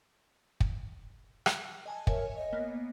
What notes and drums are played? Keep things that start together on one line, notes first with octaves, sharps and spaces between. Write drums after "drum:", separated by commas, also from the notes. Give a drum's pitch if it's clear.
drum: kick
drum: rim click
D#5 G#5 A5
A#4 C#5 E5 G#5, drum: kick
D#5
A#3 B3